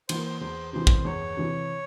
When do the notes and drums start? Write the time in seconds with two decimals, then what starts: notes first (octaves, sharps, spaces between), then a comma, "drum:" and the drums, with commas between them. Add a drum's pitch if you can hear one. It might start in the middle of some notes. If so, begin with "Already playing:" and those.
0.09 E3 A#3 C5, drum: cymbal
0.26 C5
0.41 E2 C5
0.73 C3 E3 C5
0.87 drum: kick
1.05 E2 C#5
1.37 C3 E3